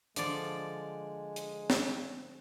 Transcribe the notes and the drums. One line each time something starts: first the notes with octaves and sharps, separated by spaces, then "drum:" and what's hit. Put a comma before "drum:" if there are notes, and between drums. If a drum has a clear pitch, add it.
D3 F3 G#3 D5, drum: hi-hat
drum: hi-hat
drum: snare